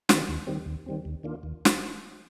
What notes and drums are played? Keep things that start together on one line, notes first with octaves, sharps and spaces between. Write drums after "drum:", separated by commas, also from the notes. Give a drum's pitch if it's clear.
D#3 G3 C4, drum: snare
D#2
D#3 G3 C4
D#2
D#3 G3 C4
D#2
D#3 A#3 D4 F4
D#2
drum: snare